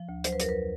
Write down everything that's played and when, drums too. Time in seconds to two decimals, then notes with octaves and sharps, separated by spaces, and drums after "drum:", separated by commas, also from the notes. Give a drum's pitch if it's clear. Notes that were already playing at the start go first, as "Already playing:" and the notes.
Already playing: F3
0.09 D2
0.24 F#3 C5, drum: hi-hat
0.32 B4
0.40 F2 A#4, drum: hi-hat
0.49 B4